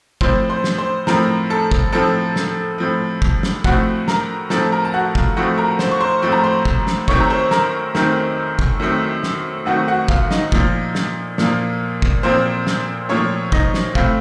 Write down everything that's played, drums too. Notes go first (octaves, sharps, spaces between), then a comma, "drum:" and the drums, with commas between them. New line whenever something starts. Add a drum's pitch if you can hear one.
A2 F3 C4 C5 C6, drum: kick
C5 C6
drum: snare
C5 C6
A2 F3 C4 A#4 A#5, drum: snare
A4 A5
drum: kick
A2 F3 C4 A4 A5
drum: snare
A2 F3 C4
drum: kick
drum: snare
A2 F3 A3 C4 F#4 F#5, drum: kick
A#4 A#5, drum: snare
A2 F3 A3 C4 A4 A5, drum: snare
A#4 A#5
A5
F#4 F#5
F4 F5, drum: kick
A2 F3 A3 C4 F#4 F#5
A#4 A#5
C5 C6, drum: snare
C#6
C5 C6
A2 F3 A3 C4 C6
A#5
C5 C6
drum: kick
drum: snare
F#2 D#3 A3 C4 C#5 C#6, drum: kick
A#5
C5 C6
A#4 A#5, drum: snare
F#2 D#3 A3 C4, drum: snare
drum: kick
F#2 D#3 A3 C4
drum: snare
F#2 D#3 A3 C4 F#4 F#5
F#4 F#5
F4 F5, drum: kick
D#4 D#5, drum: snare
A#2 F3 A#3, drum: kick
drum: snare
A#2 F3 A#3, drum: snare
drum: kick
A#2 F3 A#3 C4 C5
drum: snare
A#2 F3 A#3 C#4 C#5
D#4 D#5, drum: kick
drum: snare
A2 A3 C4 F4 F5, drum: kick